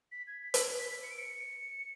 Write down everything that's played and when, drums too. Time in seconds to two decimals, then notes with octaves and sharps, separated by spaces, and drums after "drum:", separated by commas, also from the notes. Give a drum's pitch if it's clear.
0.12 B6
0.27 G#6
0.43 B6
0.54 drum: hi-hat
1.03 C#7
1.11 D7
1.19 C#7